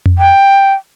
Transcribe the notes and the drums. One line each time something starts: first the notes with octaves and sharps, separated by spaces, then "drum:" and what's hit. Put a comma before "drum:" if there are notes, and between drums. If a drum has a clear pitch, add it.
drum: tom F2
G5